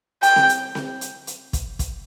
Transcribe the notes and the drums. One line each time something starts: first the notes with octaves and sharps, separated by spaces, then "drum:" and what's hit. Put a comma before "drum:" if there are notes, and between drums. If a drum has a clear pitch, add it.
G5, drum: hi-hat
drum: snare C4
drum: hi-hat
drum: snare C4
drum: hi-hat
drum: hi-hat
drum: kick, hi-hat
drum: kick, hi-hat